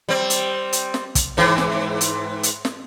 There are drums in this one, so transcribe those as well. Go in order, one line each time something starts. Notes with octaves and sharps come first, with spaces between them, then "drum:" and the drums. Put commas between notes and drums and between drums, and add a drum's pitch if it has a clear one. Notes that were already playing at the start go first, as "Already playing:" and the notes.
G3 C4
drum: hi-hat
drum: hi-hat
drum: snare
drum: kick, hi-hat
G#2 E3
drum: snare
drum: hi-hat
drum: hi-hat
drum: snare